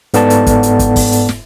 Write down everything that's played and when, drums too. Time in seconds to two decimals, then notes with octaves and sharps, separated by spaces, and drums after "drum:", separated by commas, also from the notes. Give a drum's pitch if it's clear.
0.14 G#2 B3 A4 D5 F#5 A5, drum: hi-hat
0.30 drum: hi-hat
0.46 drum: kick, hi-hat
0.63 drum: hi-hat
0.79 drum: kick, hi-hat
0.96 drum: kick, open hi-hat
1.12 drum: hi-hat
1.29 drum: snare